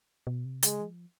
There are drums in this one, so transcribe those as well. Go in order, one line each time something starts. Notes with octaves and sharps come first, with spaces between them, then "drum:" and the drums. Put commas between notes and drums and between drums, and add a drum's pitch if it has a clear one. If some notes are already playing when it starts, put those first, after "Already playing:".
B2
C3
C#3 G#3, drum: hi-hat
E3
F3